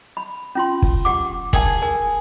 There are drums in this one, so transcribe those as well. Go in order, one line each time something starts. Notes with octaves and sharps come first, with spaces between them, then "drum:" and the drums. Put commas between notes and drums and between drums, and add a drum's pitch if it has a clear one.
B5
C#4 F4 C6
drum: kick
G4 F#5 D6
G#4 A#4 G5 A5, drum: kick
A#4 G#5